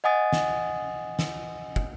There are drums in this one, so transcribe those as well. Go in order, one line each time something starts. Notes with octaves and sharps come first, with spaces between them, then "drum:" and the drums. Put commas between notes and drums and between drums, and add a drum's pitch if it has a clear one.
D#5 F#5 G#5 D#6 A6
drum: snare
drum: snare
drum: kick